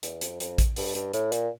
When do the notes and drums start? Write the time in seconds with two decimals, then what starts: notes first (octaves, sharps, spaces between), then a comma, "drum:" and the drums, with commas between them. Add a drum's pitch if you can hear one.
0.03 E2, drum: hi-hat
0.21 F2, drum: hi-hat
0.40 F2, drum: hi-hat
0.58 drum: kick A1, hi-hat
0.76 G2, drum: open hi-hat
0.95 G2, drum: hi-hat
1.13 A2, drum: hi-hat
1.32 A#2, drum: hi-hat